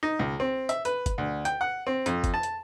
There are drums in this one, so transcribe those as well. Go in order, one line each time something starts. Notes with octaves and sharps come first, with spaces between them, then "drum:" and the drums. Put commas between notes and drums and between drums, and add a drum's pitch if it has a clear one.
D#4
C#2
C4
E5, drum: hi-hat
B4, drum: hi-hat
drum: kick, hi-hat
D2
G5, drum: hi-hat
F#5
C4
F2, drum: hi-hat
drum: kick, hi-hat
A5
drum: hi-hat